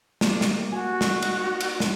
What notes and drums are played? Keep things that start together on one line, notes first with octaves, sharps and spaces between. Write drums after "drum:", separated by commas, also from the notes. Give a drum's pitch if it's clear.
A#3 G4, drum: snare
drum: snare
F#4 G#5
drum: snare
D#4, drum: cymbal
drum: cymbal
drum: snare